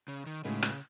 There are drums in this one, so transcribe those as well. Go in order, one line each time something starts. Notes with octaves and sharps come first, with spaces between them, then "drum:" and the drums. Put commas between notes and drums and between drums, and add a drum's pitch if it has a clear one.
C#3
D#3
A2 C#3 G#3 D#4 F#4 B4
drum: rim click